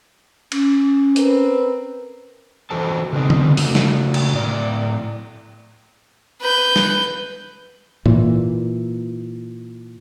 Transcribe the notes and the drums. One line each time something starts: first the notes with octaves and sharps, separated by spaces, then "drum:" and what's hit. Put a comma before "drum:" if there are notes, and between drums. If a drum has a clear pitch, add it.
C#4, drum: cymbal
C4 A#4 B4, drum: hi-hat
E3 F#4 A4 C5 A5
C#3 B3 C4 D4 D#4
drum: tom D3
C#3 A3 F#4, drum: open hi-hat
drum: snare
drum: cymbal
A2 D5
B4 G6
drum: snare
A#2 E3, drum: tom G#2